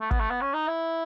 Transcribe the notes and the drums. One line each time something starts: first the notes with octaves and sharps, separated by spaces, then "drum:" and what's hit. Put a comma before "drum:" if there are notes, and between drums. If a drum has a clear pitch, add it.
A3
B3, drum: kick
A3
B3
C#4
D#4
E4